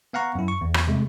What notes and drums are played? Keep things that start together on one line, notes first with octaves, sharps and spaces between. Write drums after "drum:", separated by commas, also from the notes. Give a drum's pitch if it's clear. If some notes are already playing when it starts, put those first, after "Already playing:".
B3 F5 F#5 A#5 C#6
F#2 E4
C#6
E2
drum: rim click
C3 G#3 A3